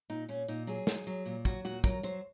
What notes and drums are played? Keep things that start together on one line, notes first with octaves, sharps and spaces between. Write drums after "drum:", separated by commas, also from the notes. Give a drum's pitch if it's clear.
A#2 D#4
A#2 C#4
A#2 D#4
F#3 G#4
F#3, drum: snare
F#3
A#2
F#3 F#4, drum: kick
A#2 F#4
F#3 A#4, drum: kick
F#3 C5